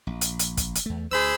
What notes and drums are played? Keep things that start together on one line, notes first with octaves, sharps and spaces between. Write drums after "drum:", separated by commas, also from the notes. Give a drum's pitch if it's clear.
A#1
drum: hi-hat
drum: hi-hat
drum: kick, hi-hat
drum: hi-hat
E2 A3
D2 G#4 C5 B5 E6